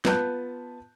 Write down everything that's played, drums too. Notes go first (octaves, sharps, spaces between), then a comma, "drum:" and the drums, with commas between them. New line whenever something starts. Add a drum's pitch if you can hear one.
B3 F4 B4 A5 F#6 G6, drum: snare